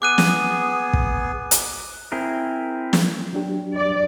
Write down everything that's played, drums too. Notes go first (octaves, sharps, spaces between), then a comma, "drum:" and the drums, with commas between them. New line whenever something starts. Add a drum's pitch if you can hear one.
B3 G#4 D6 F#6 D#7
drum: snare
drum: kick
drum: hi-hat
C4 E4 G#4 A#4
drum: snare
F#3 D4 G4
D5